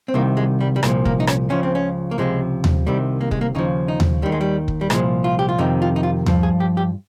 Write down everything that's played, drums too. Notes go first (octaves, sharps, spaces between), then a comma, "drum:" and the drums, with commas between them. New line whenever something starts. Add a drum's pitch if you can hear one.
C4
C2 C3 D#3 A#3
G#3
G3
G3
C2 A#2 F3 G#3, drum: rim click
A#3, drum: kick
D#4
C#4, drum: rim click
C#2 C#3 F3 C#4
C4
C#4
A#3
C#2 C3 F3 G#3
drum: tom D#2
C2 C3 D#3 G3
A#3
G#3, drum: kick
A#3
D#2 C#3 F3 D#4
D#4
drum: tom D#2
D#2 D#3 G3
G#3
G3
drum: kick
G3
C2 A#2 F3 G#3, drum: rim click
F4
G4
F4
F2 C3 D#3 D#4
F4
D#4
F4
G2 F3, drum: tom D#2
G#4
G4
G4